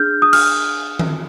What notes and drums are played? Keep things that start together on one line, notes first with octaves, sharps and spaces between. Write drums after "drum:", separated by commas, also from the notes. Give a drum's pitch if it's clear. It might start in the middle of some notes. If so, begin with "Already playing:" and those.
Already playing: D4 G#4 F6 G6
D#6
F6, drum: cymbal
drum: tom D#3